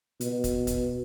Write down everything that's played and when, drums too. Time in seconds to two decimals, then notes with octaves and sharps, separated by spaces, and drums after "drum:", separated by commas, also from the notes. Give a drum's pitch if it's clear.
0.21 B2, drum: hi-hat
0.44 drum: kick, hi-hat
0.67 drum: kick, hi-hat